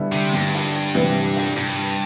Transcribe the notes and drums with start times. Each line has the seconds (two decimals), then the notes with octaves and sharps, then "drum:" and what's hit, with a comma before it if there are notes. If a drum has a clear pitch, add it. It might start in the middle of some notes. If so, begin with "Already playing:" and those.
Already playing: D3 G3 B3 E4
0.12 C3
0.33 G2, drum: snare
0.53 drum: open hi-hat
0.74 drum: hi-hat
0.95 C3 E3 G3 B3, drum: snare
1.15 drum: hi-hat
1.35 drum: open hi-hat
1.56 G2, drum: hi-hat
1.76 drum: hi-hat